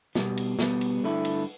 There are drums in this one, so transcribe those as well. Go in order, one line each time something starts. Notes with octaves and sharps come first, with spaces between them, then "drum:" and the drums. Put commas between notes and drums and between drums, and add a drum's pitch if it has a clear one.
B2 G3 B3, drum: snare
drum: cymbal
B2 G3 B3, drum: snare
drum: cymbal
G2 D3 A3 E4
drum: cymbal